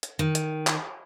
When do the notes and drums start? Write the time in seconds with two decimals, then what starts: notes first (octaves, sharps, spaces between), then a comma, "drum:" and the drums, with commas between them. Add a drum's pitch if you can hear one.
0.03 drum: hi-hat
0.19 D#3
0.35 drum: hi-hat
0.67 drum: clap